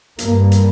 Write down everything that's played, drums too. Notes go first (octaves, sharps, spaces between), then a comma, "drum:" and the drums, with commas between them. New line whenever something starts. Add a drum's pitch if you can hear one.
G2 A#3, drum: hi-hat
drum: hi-hat